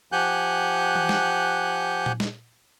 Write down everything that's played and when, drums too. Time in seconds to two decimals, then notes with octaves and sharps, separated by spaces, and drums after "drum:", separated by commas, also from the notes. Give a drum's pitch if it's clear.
0.12 F3 G4 F#5 G#5 F#6 G6
0.95 drum: tom E3
1.09 drum: snare
2.06 drum: tom A#2
2.20 drum: snare